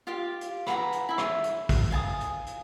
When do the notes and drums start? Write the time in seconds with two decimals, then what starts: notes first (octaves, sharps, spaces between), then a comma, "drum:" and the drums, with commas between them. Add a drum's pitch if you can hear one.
0.07 F4 G4 F5
0.41 drum: hi-hat
0.67 B4 F#5 G#5 A#5, drum: rim click
0.92 drum: hi-hat
1.09 E4 E5
1.18 drum: rim click
1.44 drum: hi-hat
1.69 drum: kick, open hi-hat
1.91 F5 G#5 A5 D#6
2.21 drum: hi-hat
2.46 drum: hi-hat